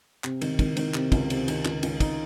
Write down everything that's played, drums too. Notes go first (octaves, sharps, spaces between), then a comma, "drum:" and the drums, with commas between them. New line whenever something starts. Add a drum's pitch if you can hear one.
C3, drum: clap
D#3, drum: cymbal
D#3, drum: kick, cymbal
D#3, drum: cymbal
C3, drum: clap
C#2, drum: kick, cymbal
C3, drum: cymbal
D#3, drum: cymbal
C#2, drum: clap
C#2, drum: cymbal
D#4, drum: kick, cymbal